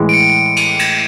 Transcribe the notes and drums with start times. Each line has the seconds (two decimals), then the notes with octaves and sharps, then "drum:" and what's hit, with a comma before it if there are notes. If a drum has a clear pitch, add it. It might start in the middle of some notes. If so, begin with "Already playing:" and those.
Already playing: A2 E3 G#3
0.09 D7
0.13 C#7
0.57 D#7, drum: cymbal
0.79 E7, drum: cymbal